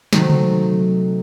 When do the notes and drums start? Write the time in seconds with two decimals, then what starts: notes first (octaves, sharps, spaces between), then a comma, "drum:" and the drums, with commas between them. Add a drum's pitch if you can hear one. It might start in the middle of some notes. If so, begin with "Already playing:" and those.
0.13 C3 D#3 F#3 A3, drum: snare
0.30 drum: tom C#3